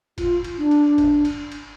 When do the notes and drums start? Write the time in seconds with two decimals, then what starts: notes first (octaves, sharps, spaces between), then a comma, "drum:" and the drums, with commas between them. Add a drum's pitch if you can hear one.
0.18 F4, drum: kick, cymbal
0.44 drum: cymbal
0.58 D4
0.71 drum: cymbal
0.98 drum: kick, cymbal
1.25 drum: cymbal
1.52 drum: cymbal